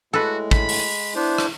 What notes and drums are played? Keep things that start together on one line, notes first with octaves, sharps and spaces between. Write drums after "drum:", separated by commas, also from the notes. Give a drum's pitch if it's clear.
A2 G#3 F#4 A4 B4
B5, drum: kick
drum: open hi-hat
B3 D4 E4 C5
drum: rim click